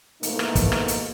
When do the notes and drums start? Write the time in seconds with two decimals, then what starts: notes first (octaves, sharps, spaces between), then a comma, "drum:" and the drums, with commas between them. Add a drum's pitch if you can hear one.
0.23 G#2 B2 E3 A3 A#3 D#4, drum: hi-hat
0.39 drum: rim click
0.55 drum: kick, hi-hat
0.72 drum: rim click
0.88 drum: hi-hat